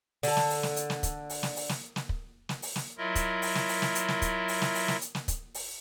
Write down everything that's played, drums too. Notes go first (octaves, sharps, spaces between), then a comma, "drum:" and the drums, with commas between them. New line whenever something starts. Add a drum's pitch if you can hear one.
D3 A4, drum: open hi-hat
drum: snare
drum: open hi-hat
drum: snare
drum: hi-hat
drum: snare
drum: kick, hi-hat
drum: open hi-hat
drum: snare
drum: open hi-hat
drum: snare
drum: snare
drum: kick
drum: snare
drum: open hi-hat
drum: snare
F#3 E4 F4 A#4 D#5 E5
drum: kick, hi-hat
drum: open hi-hat
drum: snare
drum: open hi-hat
drum: snare
drum: hi-hat
drum: snare
drum: kick, hi-hat
drum: open hi-hat
drum: snare
drum: open hi-hat
drum: snare
drum: hi-hat
drum: snare
drum: kick, hi-hat
drum: open hi-hat